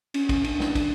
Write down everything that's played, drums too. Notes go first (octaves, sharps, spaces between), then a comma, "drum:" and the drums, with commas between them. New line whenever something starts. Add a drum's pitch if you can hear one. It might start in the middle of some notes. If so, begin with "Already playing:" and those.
C#4, drum: cymbal
drum: kick, cymbal
D4, drum: cymbal
drum: snare
D4, drum: kick, cymbal